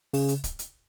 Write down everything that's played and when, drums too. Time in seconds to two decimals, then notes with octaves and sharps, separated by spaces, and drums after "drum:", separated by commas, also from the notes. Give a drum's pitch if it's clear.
0.13 C#3, drum: open hi-hat
0.28 drum: hi-hat
0.44 drum: kick, hi-hat
0.59 drum: hi-hat